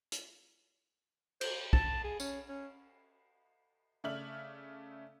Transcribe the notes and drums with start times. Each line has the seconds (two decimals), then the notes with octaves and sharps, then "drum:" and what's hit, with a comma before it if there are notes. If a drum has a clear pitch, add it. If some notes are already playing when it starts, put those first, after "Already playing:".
0.12 drum: hi-hat
1.41 C5, drum: cymbal
1.73 A5, drum: kick
2.04 G#4
2.20 C#4, drum: tambourine
2.49 C#4
4.04 C#3 A3 D5 E5 F6 F#7